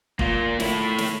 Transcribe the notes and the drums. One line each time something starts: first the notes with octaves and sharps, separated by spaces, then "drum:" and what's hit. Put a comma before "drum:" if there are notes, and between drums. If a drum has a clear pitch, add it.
A#3 F4, drum: kick
A3 E4, drum: snare
drum: snare